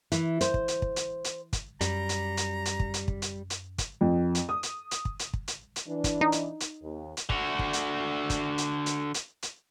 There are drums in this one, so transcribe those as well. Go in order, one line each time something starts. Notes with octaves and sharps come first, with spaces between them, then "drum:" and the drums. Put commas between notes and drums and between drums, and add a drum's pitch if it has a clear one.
E3, drum: hi-hat
C5, drum: hi-hat
drum: kick
drum: hi-hat
drum: kick
drum: hi-hat
drum: hi-hat
drum: kick, hi-hat
F#2 G3 A#5, drum: hi-hat
drum: hi-hat
drum: hi-hat
drum: hi-hat
drum: kick
drum: hi-hat
drum: kick
drum: hi-hat
drum: hi-hat
drum: kick, hi-hat
F2
drum: hi-hat
D#6
drum: hi-hat
drum: hi-hat
drum: kick
drum: hi-hat
drum: kick
drum: hi-hat
drum: hi-hat
E3 D4
drum: kick, hi-hat
D#4
drum: hi-hat
drum: hi-hat
D#2
drum: hi-hat
D3 F#4, drum: kick
drum: kick
drum: hi-hat
drum: kick, hi-hat
drum: hi-hat
drum: hi-hat
drum: hi-hat
drum: hi-hat